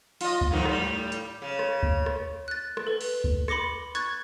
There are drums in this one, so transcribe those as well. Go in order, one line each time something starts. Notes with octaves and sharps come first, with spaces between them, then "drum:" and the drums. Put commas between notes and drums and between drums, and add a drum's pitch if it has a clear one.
F4 D#5, drum: open hi-hat
drum: kick D2
F2 G#2 D#3
A2 G3, drum: rim click
drum: hi-hat
C#3
drum: rim click
drum: kick D2
drum: rim click
F#6 A6
drum: rim click
A4 B4
drum: open hi-hat
drum: kick D2
B5 C6 D6 A#6 C#7, drum: rim click
C#6 F#6 G#6 A6, drum: hi-hat